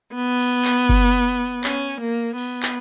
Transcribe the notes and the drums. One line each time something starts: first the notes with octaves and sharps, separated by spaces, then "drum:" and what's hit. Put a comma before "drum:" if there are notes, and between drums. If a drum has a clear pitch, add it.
B3
drum: cymbal
drum: clap
drum: kick G1, cymbal
C#4, drum: clap
A#3
B3, drum: cymbal
drum: clap